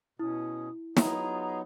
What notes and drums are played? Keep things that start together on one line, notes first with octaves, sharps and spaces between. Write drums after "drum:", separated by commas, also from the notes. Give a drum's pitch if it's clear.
B2 C#4 E4 D#6
F#3 B3 D#4 F4 G#4 A#5, drum: snare